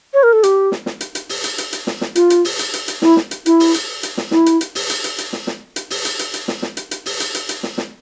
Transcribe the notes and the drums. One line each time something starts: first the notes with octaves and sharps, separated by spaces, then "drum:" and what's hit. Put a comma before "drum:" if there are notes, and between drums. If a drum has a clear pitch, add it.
C#5
A#4
A4
G4, drum: hi-hat
drum: snare
drum: snare
drum: hi-hat
drum: hi-hat
drum: open hi-hat
drum: hi-hat
drum: hi-hat
drum: hi-hat
drum: snare
drum: snare
F4, drum: hi-hat
drum: hi-hat
drum: open hi-hat
drum: hi-hat
drum: hi-hat
drum: hi-hat
E4, drum: snare
drum: snare
drum: hi-hat
E4, drum: hi-hat
drum: open hi-hat
drum: hi-hat
drum: hi-hat
drum: snare
E4, drum: snare
drum: hi-hat
drum: hi-hat
drum: open hi-hat
drum: hi-hat
drum: hi-hat
drum: hi-hat
drum: snare
drum: snare
drum: hi-hat
drum: open hi-hat
drum: hi-hat
drum: hi-hat
drum: hi-hat
drum: snare
drum: snare
drum: hi-hat
drum: hi-hat
drum: open hi-hat
drum: hi-hat
drum: hi-hat
drum: hi-hat
drum: snare
drum: snare